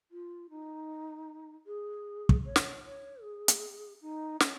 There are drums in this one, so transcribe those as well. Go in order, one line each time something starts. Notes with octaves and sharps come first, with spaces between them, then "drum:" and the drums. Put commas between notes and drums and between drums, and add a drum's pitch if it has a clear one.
F4
D#4
G#4
drum: kick
C#5
drum: snare
C#5
G#4
drum: hi-hat
D#4
C#4, drum: snare